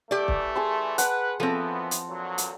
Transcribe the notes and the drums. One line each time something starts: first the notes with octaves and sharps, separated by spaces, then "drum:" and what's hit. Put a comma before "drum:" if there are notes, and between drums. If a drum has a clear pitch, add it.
E3 A3 G4 D5
drum: kick
G#4 A5 C6
B4 F#5 D6, drum: hi-hat
F#2 E3 F3 B3 C4 A4
drum: hi-hat
G2 A#2 F#3
drum: hi-hat